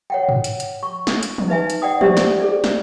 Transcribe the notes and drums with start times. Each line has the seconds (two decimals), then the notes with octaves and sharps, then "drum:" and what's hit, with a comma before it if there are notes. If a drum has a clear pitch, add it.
0.10 C#5 F#5 G5
0.29 drum: tom
0.44 drum: hi-hat
0.60 drum: hi-hat
0.83 C#6
1.07 drum: snare
1.23 drum: hi-hat
1.38 drum: tom
1.48 D#4 B4 E5 G#5
1.70 drum: hi-hat
1.82 D5 F#5 G5 D#6
2.01 D4 G4 C5 D5 E5, drum: tom
2.17 drum: snare
2.40 G#4 A4 D5
2.64 drum: snare